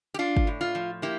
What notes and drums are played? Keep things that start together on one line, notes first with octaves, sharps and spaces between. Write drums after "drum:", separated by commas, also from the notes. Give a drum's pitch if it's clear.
G4
D4 F4
drum: kick
A2
F4
F3
A#3 E4 G4